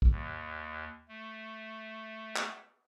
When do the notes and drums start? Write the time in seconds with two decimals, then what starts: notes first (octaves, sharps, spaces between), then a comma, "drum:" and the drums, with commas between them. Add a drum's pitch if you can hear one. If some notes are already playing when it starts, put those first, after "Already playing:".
0.02 drum: kick
0.11 D#2
1.08 A3
2.36 drum: clap